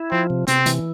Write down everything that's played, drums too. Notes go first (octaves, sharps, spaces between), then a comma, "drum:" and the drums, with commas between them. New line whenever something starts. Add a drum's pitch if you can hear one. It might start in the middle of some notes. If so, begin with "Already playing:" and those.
Already playing: E4
F3 C4
C3
C3 C4, drum: hi-hat
E3, drum: hi-hat